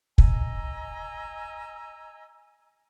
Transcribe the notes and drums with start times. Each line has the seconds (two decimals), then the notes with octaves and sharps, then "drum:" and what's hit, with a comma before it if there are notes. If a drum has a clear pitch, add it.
0.18 D#5 G#5 A#5 E6, drum: kick